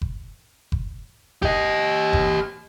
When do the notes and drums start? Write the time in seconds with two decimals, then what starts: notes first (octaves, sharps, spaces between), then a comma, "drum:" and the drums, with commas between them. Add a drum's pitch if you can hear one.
0.01 drum: kick F#1
0.72 drum: kick F#1
1.43 G4 D#5, drum: kick F#1
2.13 drum: kick F#1